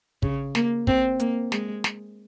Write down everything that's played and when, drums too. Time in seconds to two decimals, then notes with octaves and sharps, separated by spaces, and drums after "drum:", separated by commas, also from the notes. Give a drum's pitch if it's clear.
0.22 C#3, drum: kick
0.55 A#3, drum: snare
0.87 C4, drum: kick
1.20 A#3, drum: hi-hat
1.52 G#3, drum: snare
1.84 drum: snare